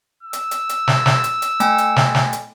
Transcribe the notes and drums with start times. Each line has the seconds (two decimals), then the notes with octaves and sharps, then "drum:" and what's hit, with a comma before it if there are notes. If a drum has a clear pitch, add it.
0.23 E6
0.33 drum: hi-hat
0.51 drum: hi-hat
0.69 drum: hi-hat
0.88 drum: snare
1.06 drum: snare
1.24 drum: hi-hat
1.42 drum: hi-hat
1.60 A3 G5 G#5, drum: hi-hat
1.78 drum: hi-hat
1.96 drum: snare
2.15 drum: snare
2.33 drum: hi-hat